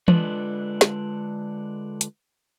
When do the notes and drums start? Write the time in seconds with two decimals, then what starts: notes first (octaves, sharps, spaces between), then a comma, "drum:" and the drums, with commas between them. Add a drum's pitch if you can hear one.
0.08 D3 G#3 D4 F4 B4, drum: tom E3
0.81 drum: snare
2.01 drum: hi-hat